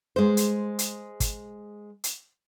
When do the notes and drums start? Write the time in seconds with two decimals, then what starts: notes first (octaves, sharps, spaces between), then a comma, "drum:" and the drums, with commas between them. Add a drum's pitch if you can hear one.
0.16 G#3 C5
0.37 drum: hi-hat
0.79 drum: hi-hat
1.20 drum: kick, hi-hat
2.04 drum: hi-hat